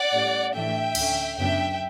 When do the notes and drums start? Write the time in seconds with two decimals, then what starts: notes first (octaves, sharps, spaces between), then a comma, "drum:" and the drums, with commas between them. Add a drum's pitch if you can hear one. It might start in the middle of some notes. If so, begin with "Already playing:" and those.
Already playing: D5 F#5
0.11 A2 G3 C#4
0.54 A2 E3 A3 D4 E5 G5
0.95 D2 D3 A3 C#4, drum: cymbal
1.37 F#2 C#3 F#3 B3 D4 E5 G5